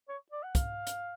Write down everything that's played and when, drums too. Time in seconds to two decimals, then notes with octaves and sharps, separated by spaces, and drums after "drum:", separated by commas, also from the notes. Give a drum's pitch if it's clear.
0.09 C#5
0.32 D5
0.43 F#5
0.55 F5, drum: kick, hi-hat
0.87 drum: hi-hat